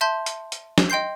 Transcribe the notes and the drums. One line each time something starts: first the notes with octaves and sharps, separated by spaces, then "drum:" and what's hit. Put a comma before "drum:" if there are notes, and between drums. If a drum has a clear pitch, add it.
E5 A5 C6 G6
drum: hi-hat
drum: hi-hat
drum: snare
D#5 G5 C6 G6 C7